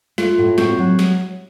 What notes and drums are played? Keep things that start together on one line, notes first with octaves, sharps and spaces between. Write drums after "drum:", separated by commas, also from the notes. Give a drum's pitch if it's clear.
A3 F4, drum: snare
A2
C4 F#4, drum: snare
F#3
drum: snare